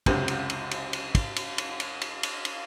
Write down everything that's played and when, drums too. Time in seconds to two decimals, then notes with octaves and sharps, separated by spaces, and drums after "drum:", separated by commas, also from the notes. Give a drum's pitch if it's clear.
0.06 C#2 F#2 C3, drum: kick, cymbal
0.28 drum: cymbal
0.50 drum: cymbal
0.71 drum: cymbal
0.93 drum: cymbal
1.15 drum: kick, cymbal
1.36 drum: cymbal
1.58 drum: cymbal
1.80 drum: cymbal
2.02 drum: cymbal
2.23 drum: cymbal
2.45 drum: cymbal